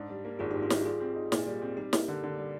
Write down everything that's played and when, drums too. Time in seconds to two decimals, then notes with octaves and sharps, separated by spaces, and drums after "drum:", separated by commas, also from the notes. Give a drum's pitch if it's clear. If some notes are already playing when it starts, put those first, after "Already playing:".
Already playing: G#2 D4
0.09 G3
0.25 A#3
0.39 G#1 F4 G#4
0.51 D#4 G4
0.55 G#2
0.62 D4 F4
0.70 G3 D#4 G4, drum: snare
0.85 G3 F4 G#4
1.00 C4
1.15 D#4
1.32 A#2, drum: snare
1.47 G3
1.62 C4
1.77 G3 D#4 G4
1.93 A#3, drum: snare
2.08 D3
2.23 D3
2.38 G3